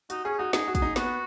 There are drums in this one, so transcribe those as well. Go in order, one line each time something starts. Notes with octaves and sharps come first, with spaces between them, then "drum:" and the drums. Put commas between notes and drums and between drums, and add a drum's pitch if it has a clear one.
D#4 F#4, drum: hi-hat
C#4 G#4
D#4 F#4
D#4 G#4, drum: snare
F#4
G#4, drum: kick, hi-hat
D#4
B3 F#4, drum: snare